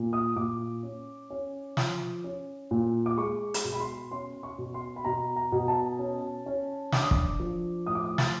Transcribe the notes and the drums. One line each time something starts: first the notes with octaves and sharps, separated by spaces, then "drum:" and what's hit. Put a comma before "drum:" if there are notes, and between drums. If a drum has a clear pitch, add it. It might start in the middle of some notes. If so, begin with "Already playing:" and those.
Already playing: A#2
D#6
A#2 D6
C#4
C#4
F3, drum: snare
C#4
A#2
D6
G#3 C#6
drum: hi-hat
B2
B5
C6
C#4 C6
C#6
B2
C6
B5
B2 A#5
A#5
B2
A5
C#4
C#4
D4 D6, drum: snare
D#6
D6, drum: kick
F3
A2 D#6
D6
D#6
A6, drum: snare